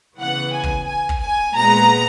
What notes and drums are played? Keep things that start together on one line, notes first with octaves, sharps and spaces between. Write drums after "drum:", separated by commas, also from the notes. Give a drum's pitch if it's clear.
C#3 E3 B3 F#5
G#5
drum: kick
G#5
drum: kick
G#5
A#2 G#3 B3 A#5